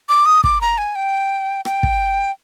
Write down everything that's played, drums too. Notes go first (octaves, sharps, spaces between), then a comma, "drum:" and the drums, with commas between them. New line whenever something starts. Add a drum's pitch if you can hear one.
D6
D#6
D6, drum: kick
A#5
G#5
G5
G5, drum: rim click
drum: kick